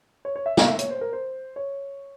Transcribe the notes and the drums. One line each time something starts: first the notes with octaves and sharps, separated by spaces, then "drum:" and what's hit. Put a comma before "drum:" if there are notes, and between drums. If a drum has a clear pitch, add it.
C#5
C#5
E5
F5, drum: snare
E5
C#5, drum: hi-hat
C5
A#4
C5
C#5